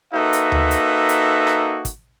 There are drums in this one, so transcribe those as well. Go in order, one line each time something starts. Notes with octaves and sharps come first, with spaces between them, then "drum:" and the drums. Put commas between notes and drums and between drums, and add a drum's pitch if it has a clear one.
A#3 D#4 F#4 A4 B4 E5
drum: hi-hat
drum: tom D2
drum: hi-hat
drum: hi-hat
drum: rim click
drum: kick, hi-hat